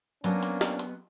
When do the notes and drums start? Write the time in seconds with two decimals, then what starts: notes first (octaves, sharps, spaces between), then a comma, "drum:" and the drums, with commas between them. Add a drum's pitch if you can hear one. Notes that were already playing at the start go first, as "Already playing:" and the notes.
0.24 F#3 A#3 B3 C#4 D4, drum: hi-hat
0.43 drum: hi-hat
0.61 drum: snare
0.79 drum: hi-hat